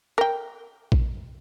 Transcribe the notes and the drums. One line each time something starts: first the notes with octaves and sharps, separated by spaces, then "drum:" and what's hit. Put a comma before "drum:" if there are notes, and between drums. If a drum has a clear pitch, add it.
A#4 G5
drum: kick A#1